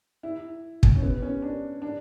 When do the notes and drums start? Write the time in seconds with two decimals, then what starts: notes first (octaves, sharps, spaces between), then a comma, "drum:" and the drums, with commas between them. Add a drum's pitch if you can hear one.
0.23 E4
0.83 drum: kick
0.96 C#4
1.02 B3
1.22 C#4
1.42 D4
1.82 D4